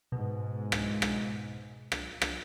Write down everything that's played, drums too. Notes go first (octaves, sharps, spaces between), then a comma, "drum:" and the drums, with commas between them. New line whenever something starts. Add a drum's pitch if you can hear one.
G#2 B2
drum: rim click
drum: rim click
drum: rim click
drum: rim click